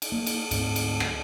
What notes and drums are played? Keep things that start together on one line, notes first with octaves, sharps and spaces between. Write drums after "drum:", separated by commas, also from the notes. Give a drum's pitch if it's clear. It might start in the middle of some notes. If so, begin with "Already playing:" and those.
drum: cymbal
A#3
drum: cymbal
D2 G#2 C4, drum: cymbal
drum: cymbal
drum: rim click